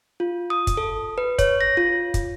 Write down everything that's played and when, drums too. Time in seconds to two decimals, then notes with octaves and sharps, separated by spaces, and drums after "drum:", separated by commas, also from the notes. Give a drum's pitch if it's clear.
0.20 F4
0.50 D#6
0.67 drum: kick, hi-hat
0.77 A4
1.18 B4
1.39 C#5, drum: kick, hi-hat
1.61 A#6
1.77 F4
2.14 drum: kick, hi-hat